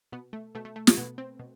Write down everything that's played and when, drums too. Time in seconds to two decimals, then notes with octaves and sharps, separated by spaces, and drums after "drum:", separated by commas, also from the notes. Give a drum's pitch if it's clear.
0.12 B2 B3
0.33 A3
0.55 B2 A3
0.65 A3
0.76 A3
0.87 A3, drum: snare
0.97 B2 B3
1.18 C4
1.39 B2